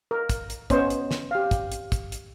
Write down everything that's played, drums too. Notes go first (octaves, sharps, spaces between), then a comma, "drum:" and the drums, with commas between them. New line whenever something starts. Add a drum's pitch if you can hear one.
A#4
drum: kick, hi-hat
drum: hi-hat
B3 C#4 C5 C#5 D#5, drum: kick, hi-hat
drum: hi-hat
drum: snare
G4 F5
drum: kick, hi-hat
drum: hi-hat
drum: kick, hi-hat
drum: hi-hat